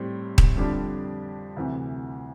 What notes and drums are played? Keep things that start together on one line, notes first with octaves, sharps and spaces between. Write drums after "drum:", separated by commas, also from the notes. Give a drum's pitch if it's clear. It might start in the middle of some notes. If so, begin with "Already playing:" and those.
Already playing: A2 G3 C4
drum: kick D#1
F2 D3 G3 D4
D2 C3 E3